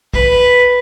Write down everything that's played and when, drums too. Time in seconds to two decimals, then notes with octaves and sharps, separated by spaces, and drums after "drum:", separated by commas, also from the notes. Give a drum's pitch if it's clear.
0.14 B4, drum: kick